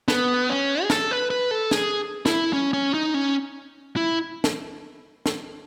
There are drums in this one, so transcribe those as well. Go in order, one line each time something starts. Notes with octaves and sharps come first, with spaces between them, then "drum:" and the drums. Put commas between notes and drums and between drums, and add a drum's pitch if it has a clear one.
B3, drum: snare
C#4
G#4
A4, drum: snare
B4
B4
A4
G#4, drum: snare
E4, drum: snare
C#4
C#4
D#4
C#4
E4
drum: snare
drum: snare